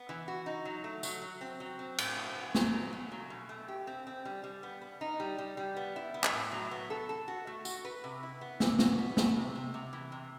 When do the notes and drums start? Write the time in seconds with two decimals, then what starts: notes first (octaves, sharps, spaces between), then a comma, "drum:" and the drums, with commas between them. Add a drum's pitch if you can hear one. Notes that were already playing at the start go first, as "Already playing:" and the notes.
Already playing: B3
0.09 E3
0.28 F#4
0.46 D#4
0.65 F#3
0.84 A3
1.03 F#3, drum: tambourine
1.22 F#3
1.41 C4
1.60 F#3
1.79 C4
1.98 A2, drum: cymbal
2.17 F#3
2.35 B3
2.55 F#3, drum: snare
2.73 F#3
2.93 F#3
3.12 F#3
3.30 B2
3.49 A3
3.68 G4
3.87 C4
4.07 C4
4.25 G3
4.44 G3
4.63 B3
4.82 B3
5.01 D#4
5.20 G3
5.38 G3
5.57 G3
5.76 B3
5.96 E4
6.14 B3
6.24 drum: clap
6.33 A2
6.52 F#3
6.71 B3
6.90 A4
7.09 A4
7.28 F#4
7.47 A3
7.65 F#4, drum: tambourine
7.85 B4
8.04 C3
8.23 E4
8.41 B3
8.60 C3, drum: snare
8.79 F#4, drum: snare
8.99 B3
9.17 F#4, drum: snare
9.36 C3
9.55 C3
9.74 C3
9.93 E3
10.12 C3